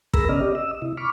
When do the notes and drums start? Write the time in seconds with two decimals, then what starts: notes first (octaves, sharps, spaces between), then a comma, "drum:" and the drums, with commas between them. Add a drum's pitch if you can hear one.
0.14 G#4 A#4 A#5 B5 E6 A#6, drum: kick
0.29 C#3 B3 C#4 D5 D#5 F6
0.41 G4 D5 D#5
0.55 D#5 E6
0.82 C3 E4
0.97 B5 C#6 D6 F6